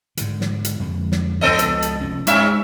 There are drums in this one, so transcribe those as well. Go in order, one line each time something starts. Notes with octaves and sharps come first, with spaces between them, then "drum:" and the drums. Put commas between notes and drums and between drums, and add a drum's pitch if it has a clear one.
G#2 D3, drum: hi-hat
drum: snare
drum: hi-hat
F2 D3 G#3
drum: snare
C#2 F3 B3 A4 D#5
drum: hi-hat
drum: hi-hat
F1 F3 C#4
G2 G#3 C#4 E5, drum: hi-hat